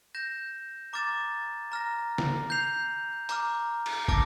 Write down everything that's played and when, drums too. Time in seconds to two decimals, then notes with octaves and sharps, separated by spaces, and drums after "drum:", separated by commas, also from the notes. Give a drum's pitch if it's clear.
0.15 G6 A#6 E7
0.93 A#5 D6 F6 A6 E7
1.72 A#5 F6 A#6
2.18 drum: snare
2.50 G6 C7 F7
3.29 A#5 D6 F6, drum: hi-hat
3.86 drum: cymbal
4.08 A5 D6 F6 A#6, drum: kick